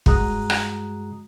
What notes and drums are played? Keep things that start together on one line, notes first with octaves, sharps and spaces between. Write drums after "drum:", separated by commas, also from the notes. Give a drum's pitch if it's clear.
G2 G#3 F#4 A#5 D#6 F#6, drum: kick
drum: rim click